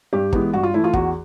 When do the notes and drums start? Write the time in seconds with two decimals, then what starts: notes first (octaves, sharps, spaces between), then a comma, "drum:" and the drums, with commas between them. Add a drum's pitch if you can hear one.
0.13 G2 G4
0.33 E3 G#3 B3, drum: kick
0.53 G2 F#4
0.63 F4
0.74 E3 A3 E4
0.84 F4
0.93 E2 F#4, drum: kick